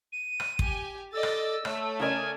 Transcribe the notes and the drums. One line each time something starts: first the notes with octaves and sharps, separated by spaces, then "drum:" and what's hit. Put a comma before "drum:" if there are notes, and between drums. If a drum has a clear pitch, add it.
D#7
drum: rim click
G4 G#5, drum: kick
A4 D5 D#5 E6 A6
drum: rim click
A3 C#5, drum: rim click
C#3 A#4 D5 G#5